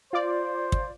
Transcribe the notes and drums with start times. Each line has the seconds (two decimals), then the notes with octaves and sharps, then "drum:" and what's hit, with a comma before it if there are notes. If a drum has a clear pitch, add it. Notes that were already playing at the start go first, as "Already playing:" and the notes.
0.13 F4 C5 D5
0.72 drum: kick